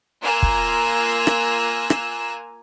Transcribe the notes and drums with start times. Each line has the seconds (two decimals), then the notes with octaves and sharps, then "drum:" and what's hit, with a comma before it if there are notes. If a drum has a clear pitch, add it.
0.21 A#3 F4 G#5 A#5 E6 F#6
0.43 drum: kick
1.27 drum: rim click
1.90 drum: rim click